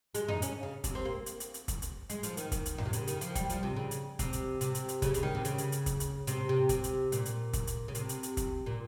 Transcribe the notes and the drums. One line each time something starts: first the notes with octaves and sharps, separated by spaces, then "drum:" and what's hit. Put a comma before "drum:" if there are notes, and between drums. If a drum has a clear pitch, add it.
G#3, drum: hi-hat
D#4, drum: tom F2
C#4, drum: hi-hat
C#3
C3, drum: kick, hi-hat
C4
A#3
drum: hi-hat
drum: hi-hat
drum: hi-hat
drum: kick, hi-hat
drum: hi-hat
G#3, drum: hi-hat
F3, drum: hi-hat
D#3, drum: hi-hat
drum: kick, hi-hat
drum: hi-hat
A#2, drum: tom F2
C3
C#3, drum: hi-hat
D#3, drum: hi-hat
F3, drum: hi-hat
G3, drum: kick, hi-hat
F3, drum: hi-hat
C3
C#3
drum: hi-hat
C3, drum: kick, hi-hat
drum: hi-hat
C3, drum: hi-hat
drum: hi-hat
drum: hi-hat
C#3, drum: kick, hi-hat
C#3, drum: hi-hat
D#3
C3
C#3, drum: hi-hat
drum: hi-hat
drum: hi-hat
drum: kick, hi-hat
drum: hi-hat
C3, drum: hi-hat
C3
C3, drum: kick, hi-hat
drum: hi-hat
A#2, drum: hi-hat
drum: hi-hat
drum: kick, hi-hat
drum: hi-hat
C#3
C3, drum: hi-hat
drum: hi-hat
drum: hi-hat
drum: kick, hi-hat
A#2